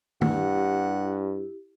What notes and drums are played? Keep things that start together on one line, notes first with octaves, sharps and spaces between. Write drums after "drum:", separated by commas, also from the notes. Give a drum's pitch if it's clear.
G2 E4 G4 F#5, drum: tom